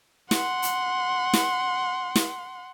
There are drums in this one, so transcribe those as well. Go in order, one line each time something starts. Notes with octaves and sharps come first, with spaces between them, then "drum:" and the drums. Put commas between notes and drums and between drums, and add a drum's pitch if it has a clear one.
F#5 C6, drum: snare
drum: hi-hat
drum: snare
drum: snare